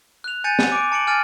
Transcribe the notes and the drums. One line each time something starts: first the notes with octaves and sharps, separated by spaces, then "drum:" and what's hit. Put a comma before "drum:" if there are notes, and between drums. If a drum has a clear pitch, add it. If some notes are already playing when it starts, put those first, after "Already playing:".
F#6 F7
G#5 G6 A6 C#7 D#7
drum: snare
D6 D7
A5 C#7 D7 F#7
G#5 F6 A6 D7 D#7